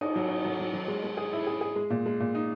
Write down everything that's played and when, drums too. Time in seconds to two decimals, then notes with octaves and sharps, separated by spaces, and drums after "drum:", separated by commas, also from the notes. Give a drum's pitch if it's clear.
0.01 D#4, drum: cymbal
0.16 F#3
0.29 D#4
0.45 F#3
0.60 F#3
0.74 F#3
0.88 G#3
1.04 G#3
1.17 G#4
1.33 E4
1.47 G#4
1.61 G#4
1.76 G#3
1.90 A#2
2.06 G#3
2.20 A#2
2.35 D#4